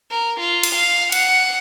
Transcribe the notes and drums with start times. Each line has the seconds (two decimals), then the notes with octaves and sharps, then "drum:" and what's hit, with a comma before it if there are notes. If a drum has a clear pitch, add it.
0.11 A#4
0.40 F4
0.63 drum: cymbal
0.75 F5
1.12 F#5, drum: cymbal